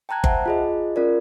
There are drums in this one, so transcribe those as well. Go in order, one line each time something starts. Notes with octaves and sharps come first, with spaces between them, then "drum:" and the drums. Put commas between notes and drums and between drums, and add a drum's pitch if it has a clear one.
G5 A5 A#5 F#6 G#6
C5 E5 F#5 A5, drum: kick G1
F4 G#4 D#5
C#4 F4 A#4 D5